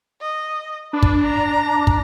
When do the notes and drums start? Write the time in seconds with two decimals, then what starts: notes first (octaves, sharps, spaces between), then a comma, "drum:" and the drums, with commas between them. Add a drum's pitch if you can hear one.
0.21 D#5
0.93 D4 B4
1.03 drum: kick
1.24 A#5
1.87 drum: kick